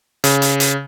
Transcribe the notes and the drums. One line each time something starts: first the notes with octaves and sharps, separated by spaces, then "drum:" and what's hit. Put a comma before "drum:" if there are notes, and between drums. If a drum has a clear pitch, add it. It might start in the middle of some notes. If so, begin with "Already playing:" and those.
C#3, drum: hi-hat
drum: hi-hat
drum: hi-hat